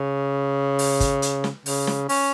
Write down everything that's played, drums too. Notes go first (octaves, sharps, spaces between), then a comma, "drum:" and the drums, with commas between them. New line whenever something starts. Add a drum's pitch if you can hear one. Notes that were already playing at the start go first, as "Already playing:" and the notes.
Already playing: C#3
drum: open hi-hat
drum: kick, hi-hat
drum: hi-hat
drum: snare
C#3, drum: open hi-hat
drum: snare
C#4, drum: open hi-hat